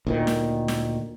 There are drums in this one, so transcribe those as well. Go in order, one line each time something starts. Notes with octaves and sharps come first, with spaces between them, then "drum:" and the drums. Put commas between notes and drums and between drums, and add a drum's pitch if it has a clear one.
D2 A#2 D#3
drum: snare
drum: snare